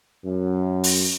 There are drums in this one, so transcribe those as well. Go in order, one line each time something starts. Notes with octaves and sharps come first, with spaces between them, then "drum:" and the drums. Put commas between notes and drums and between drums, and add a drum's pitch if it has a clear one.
F#2
drum: open hi-hat